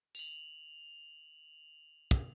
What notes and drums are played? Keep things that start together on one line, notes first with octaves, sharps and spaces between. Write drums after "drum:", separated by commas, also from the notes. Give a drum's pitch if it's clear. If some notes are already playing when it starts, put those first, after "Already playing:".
F7 F#7, drum: tambourine
drum: kick